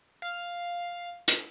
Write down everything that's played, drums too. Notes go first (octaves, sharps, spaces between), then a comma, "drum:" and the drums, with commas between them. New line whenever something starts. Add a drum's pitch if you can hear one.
F5
drum: hi-hat